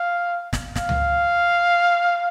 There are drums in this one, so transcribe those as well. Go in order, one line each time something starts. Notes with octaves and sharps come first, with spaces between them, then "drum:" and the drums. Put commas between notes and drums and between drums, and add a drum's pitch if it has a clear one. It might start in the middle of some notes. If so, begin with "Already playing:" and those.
Already playing: F5
drum: snare
F5, drum: snare
drum: tom C#2